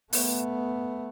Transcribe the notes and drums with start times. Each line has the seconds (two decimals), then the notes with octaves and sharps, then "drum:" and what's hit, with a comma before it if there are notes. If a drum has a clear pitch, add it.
0.13 A3 B3, drum: open hi-hat